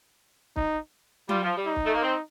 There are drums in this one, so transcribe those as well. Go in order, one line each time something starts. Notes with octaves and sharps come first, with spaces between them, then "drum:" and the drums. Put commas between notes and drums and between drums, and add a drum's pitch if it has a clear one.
D#4, drum: kick
G3 F4, drum: tom F#3
F3
G3
D#4
drum: kick
A3
A#3
C4